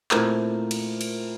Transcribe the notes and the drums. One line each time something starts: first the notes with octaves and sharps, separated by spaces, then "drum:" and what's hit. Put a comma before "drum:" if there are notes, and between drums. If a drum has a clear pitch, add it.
A#2 A3 C4 E4 A#4, drum: clap
drum: cymbal
drum: cymbal